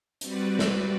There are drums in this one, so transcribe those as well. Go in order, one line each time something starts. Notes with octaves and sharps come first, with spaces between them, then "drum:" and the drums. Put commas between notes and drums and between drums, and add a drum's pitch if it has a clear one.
G3 C4 F#4 B4 D5, drum: hi-hat
drum: snare